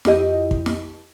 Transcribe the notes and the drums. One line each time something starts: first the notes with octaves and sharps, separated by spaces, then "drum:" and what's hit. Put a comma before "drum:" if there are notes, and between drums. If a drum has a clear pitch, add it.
F2 E4 G4 D#5, drum: snare
drum: kick
drum: snare